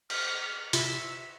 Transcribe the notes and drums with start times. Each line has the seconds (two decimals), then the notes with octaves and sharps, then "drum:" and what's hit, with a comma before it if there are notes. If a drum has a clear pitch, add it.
0.10 F6, drum: cymbal
0.73 C3 E4 F4 E5, drum: hi-hat